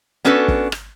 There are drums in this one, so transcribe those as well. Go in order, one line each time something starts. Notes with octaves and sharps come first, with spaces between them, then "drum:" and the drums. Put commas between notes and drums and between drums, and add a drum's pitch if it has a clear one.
B3 C#4 D4 F#4 A4 B4
drum: kick
drum: rim click